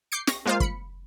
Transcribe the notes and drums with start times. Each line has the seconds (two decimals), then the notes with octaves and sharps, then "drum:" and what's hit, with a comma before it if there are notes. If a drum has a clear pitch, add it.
0.12 D6 G6 C7 C#7
0.27 C#6 A#6, drum: snare
0.45 G#3 A#3 F4 C5 F5
0.60 B5 C#7, drum: kick